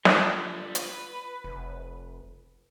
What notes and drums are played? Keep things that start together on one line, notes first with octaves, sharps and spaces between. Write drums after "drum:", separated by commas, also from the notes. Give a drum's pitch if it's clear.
D3 G3 F4, drum: snare
B4, drum: hi-hat
F1